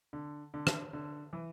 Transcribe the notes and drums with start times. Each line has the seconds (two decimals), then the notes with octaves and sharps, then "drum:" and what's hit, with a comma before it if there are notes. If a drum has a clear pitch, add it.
0.13 D3
0.54 D3
0.67 drum: rim click
0.93 D3
1.33 E3